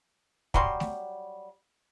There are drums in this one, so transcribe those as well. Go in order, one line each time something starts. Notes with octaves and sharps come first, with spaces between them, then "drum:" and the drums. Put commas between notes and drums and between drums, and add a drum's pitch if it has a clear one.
F#3 G3 C6, drum: kick
drum: snare